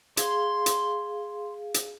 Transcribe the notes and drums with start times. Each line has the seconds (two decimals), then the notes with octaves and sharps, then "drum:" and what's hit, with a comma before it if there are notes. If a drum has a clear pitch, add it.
0.17 G#4 F5 C6, drum: hi-hat
0.66 drum: hi-hat
1.74 drum: hi-hat